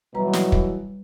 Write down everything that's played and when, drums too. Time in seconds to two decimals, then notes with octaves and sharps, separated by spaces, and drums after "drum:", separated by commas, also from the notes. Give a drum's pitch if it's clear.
0.15 B2 E3 F#3 G3 B4 A#5
0.33 drum: snare
0.52 drum: kick